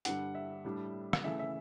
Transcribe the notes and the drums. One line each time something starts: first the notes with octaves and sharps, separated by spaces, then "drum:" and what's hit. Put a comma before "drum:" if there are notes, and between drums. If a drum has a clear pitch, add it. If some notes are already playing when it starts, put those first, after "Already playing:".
G2 D3 G3 D4 F#5, drum: hi-hat
E5
A2 G3 D4
drum: rim click
C#3 E3 A3 E5
E5